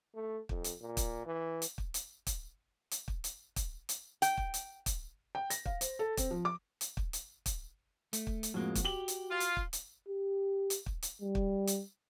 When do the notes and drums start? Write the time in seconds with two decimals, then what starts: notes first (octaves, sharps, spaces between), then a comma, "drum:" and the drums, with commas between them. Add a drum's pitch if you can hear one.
0.15 A3
0.49 F2, drum: kick
0.64 drum: hi-hat
0.81 A#2
0.97 drum: kick, hi-hat
1.26 E3
1.62 drum: hi-hat
1.78 drum: kick
1.94 drum: hi-hat
2.27 drum: kick, hi-hat
2.91 drum: hi-hat
3.08 drum: kick
3.24 drum: hi-hat
3.56 drum: kick, hi-hat
3.89 drum: hi-hat
4.22 G5, drum: hi-hat
4.37 drum: kick
4.54 drum: hi-hat
4.86 drum: kick, hi-hat
5.35 G5
5.50 A#6, drum: hi-hat
5.65 F5, drum: kick
5.81 C5, drum: hi-hat
5.99 A4
6.17 C4, drum: kick, hi-hat
6.31 F3
6.45 D6
6.81 drum: hi-hat
6.97 drum: kick
7.13 drum: hi-hat
7.46 drum: kick, hi-hat
8.13 A3, drum: hi-hat
8.27 drum: kick
8.43 drum: hi-hat
8.54 F2 A2 G#3 A#3 F#4
8.75 drum: kick, hi-hat
8.85 G4 F#7 G7
9.08 drum: hi-hat
9.31 F4
9.40 drum: hi-hat
9.57 drum: kick
9.73 drum: hi-hat
10.09 G4
10.70 drum: hi-hat
10.86 drum: kick
11.03 drum: hi-hat
11.22 G3
11.35 drum: kick
11.67 drum: hi-hat